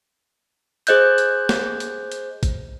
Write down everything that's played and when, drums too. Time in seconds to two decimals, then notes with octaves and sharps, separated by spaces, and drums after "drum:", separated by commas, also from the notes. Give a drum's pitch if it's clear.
0.87 G#4 C5 D#5 F#6 G6, drum: hi-hat
1.18 drum: hi-hat
1.49 drum: snare
1.80 drum: hi-hat
2.12 drum: hi-hat
2.43 drum: kick, hi-hat